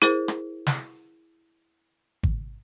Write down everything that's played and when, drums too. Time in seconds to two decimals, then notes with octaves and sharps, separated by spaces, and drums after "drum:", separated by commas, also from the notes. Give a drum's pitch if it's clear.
0.02 E4 G#4 A#4 C5, drum: rim click
0.28 drum: rim click
0.67 drum: snare
2.23 drum: kick G#1